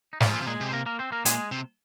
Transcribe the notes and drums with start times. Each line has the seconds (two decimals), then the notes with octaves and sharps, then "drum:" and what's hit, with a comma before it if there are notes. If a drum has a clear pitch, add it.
0.13 D#4
0.20 F3 F4, drum: snare
0.26 G#2
0.33 A#2
0.42 C3
0.46 A#2 G#3 G#4
0.61 C3
0.69 C5
0.73 A#3 A#4
0.86 A#3 A#4
0.99 C4 C5
1.12 A#3 A#4
1.25 A#2 G#3 G#4, drum: hi-hat
1.52 C3